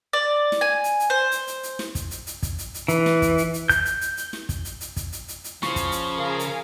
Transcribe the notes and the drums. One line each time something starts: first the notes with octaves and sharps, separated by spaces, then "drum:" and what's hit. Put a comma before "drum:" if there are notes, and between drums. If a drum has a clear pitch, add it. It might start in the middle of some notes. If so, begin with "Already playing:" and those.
D5
drum: snare
G#5
drum: hi-hat
drum: hi-hat
C5
drum: hi-hat
drum: hi-hat
drum: hi-hat
drum: snare
drum: kick, hi-hat
drum: hi-hat
drum: hi-hat
drum: kick, hi-hat
drum: hi-hat
drum: hi-hat
E3, drum: hi-hat
drum: snare
drum: kick, hi-hat
drum: hi-hat
drum: hi-hat
G6, drum: kick, hi-hat
drum: hi-hat
drum: hi-hat
drum: hi-hat
drum: snare
drum: kick, hi-hat
drum: hi-hat
drum: hi-hat
drum: kick, hi-hat
drum: hi-hat
drum: hi-hat
drum: hi-hat
C#3 F3 C#6, drum: snare
drum: kick, hi-hat
drum: hi-hat
G#4 A#4 F5
drum: hi-hat